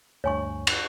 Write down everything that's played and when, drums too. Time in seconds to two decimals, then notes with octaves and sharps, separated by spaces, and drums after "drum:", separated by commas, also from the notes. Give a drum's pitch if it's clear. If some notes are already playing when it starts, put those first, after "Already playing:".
0.24 D2 G2 C#5 G#5 C#6
0.67 drum: cymbal